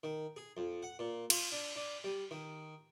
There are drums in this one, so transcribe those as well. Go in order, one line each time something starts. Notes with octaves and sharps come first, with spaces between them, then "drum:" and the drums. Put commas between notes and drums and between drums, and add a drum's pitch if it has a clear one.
D#3
G#4
F2
F#5
A#2
F4, drum: cymbal
D4
D4
G3
D#3